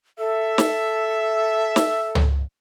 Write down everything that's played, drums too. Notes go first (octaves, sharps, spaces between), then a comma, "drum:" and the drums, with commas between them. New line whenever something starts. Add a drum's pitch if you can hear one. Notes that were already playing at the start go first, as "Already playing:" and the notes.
A4 E5
drum: snare
drum: snare
drum: tom C#2